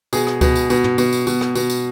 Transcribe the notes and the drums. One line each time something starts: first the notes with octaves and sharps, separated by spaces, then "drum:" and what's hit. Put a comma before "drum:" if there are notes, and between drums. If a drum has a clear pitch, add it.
B2 G#4, drum: tambourine
drum: rim click
B2, drum: kick C#2, tambourine
drum: tambourine
B2, drum: tambourine
drum: tom
B2, drum: tambourine
drum: tambourine
B2, drum: tambourine
drum: rim click
B2, drum: tambourine
drum: tambourine